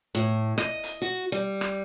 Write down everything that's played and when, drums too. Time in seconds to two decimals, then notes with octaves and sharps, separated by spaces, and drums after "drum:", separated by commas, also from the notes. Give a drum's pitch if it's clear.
0.15 A2
0.58 D#5, drum: rim click
0.83 drum: hi-hat
1.02 F#4
1.32 G3
1.61 drum: rim click